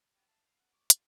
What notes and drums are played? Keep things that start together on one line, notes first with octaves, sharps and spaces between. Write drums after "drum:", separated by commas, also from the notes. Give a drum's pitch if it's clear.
B3 F#4 G4
E5 F5 A5
F5
F#5
C#6 D6
A3 D4 F4, drum: hi-hat